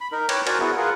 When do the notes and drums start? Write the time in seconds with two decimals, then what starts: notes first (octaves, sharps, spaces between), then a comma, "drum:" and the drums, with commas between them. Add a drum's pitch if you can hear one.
0.01 B5
0.12 D#4 A#4
0.29 B4 C#5 G5 A#5 D6, drum: cymbal
0.47 F#4 A#4 C5 D5 F#5 G#5, drum: cymbal
0.60 B3 E4 F#4 G#4 A#4 B4
0.77 F4 G#4 A#4 B4 F#5